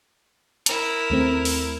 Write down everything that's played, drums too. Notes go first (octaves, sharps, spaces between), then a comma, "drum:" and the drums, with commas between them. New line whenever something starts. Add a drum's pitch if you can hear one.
E4 A#4, drum: hi-hat
D#2 A3 C4
drum: open hi-hat